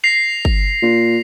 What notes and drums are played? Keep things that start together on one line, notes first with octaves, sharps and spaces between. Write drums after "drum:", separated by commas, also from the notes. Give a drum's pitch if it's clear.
A#6 C7 F7
drum: kick G1
A#2